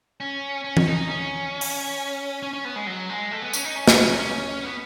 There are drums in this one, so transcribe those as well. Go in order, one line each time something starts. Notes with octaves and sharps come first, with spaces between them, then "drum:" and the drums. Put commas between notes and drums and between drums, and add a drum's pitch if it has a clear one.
C#4
C#4
drum: tom E3
D#4
C#4
drum: open hi-hat
C#4
C#4
B3
G#3
F#3
G#3
A3
B3
C#4, drum: tambourine
D#4
C#4
drum: snare
C#4
C#4
B3